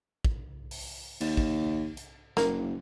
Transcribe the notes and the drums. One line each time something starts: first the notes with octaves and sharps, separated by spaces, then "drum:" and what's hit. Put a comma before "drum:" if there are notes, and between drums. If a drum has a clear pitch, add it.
drum: kick
drum: open hi-hat
D#2, drum: cymbal
drum: kick
drum: hi-hat
F#1 A#3, drum: snare